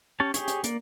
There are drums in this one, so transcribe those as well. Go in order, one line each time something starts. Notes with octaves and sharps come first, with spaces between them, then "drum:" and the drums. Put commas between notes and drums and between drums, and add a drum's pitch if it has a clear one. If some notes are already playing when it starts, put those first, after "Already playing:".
C#4 G4 C#5 A5
G4 G#4 C#5, drum: hi-hat
drum: hi-hat
A#3 D5, drum: hi-hat